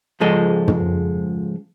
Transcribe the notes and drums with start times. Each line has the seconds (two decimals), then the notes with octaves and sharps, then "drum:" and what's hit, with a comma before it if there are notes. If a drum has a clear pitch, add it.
0.20 C#2 G#2 F3 G#3 A4 D#5
0.68 drum: tom